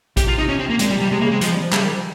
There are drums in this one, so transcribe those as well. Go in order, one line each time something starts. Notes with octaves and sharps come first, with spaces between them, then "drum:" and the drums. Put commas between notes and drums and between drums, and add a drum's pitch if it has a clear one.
C3 G4, drum: kick A#1, hi-hat
F4
D#4
C#4
C4
A#3
A#2 G#3, drum: hi-hat
G3
C3
G3
C3 G#3
C#3 A#3
G#3 C4
F3 G#3, drum: hi-hat
G3
F3
C#3 G3, drum: clap
D#3
F3